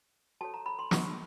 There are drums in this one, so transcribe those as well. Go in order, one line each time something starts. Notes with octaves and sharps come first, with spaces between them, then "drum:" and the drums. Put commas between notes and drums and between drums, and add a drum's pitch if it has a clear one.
F#4 A4 C#5 A5
A#5
B5
C6
C#6, drum: snare